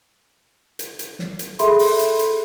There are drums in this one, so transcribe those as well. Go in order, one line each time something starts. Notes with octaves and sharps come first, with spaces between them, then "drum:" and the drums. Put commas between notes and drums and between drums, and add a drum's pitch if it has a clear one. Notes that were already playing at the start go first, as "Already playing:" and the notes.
drum: hi-hat
drum: hi-hat
drum: snare
drum: hi-hat
G#4 A4 E5 B5 C6, drum: hi-hat
drum: open hi-hat
drum: hi-hat
drum: hi-hat